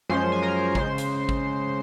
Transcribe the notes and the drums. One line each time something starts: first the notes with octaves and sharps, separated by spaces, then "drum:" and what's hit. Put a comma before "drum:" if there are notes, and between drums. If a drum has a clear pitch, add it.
F#2 F3 G#3 C#4 C5 C6
G#5
A#4 A#5
C#3 G#3 C5 C6, drum: kick
drum: hi-hat
drum: kick